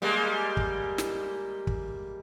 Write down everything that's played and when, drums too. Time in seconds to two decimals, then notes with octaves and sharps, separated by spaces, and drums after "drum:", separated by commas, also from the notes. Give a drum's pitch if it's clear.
0.02 G3 G#3 A#3
0.57 drum: kick
0.98 drum: snare
1.67 drum: kick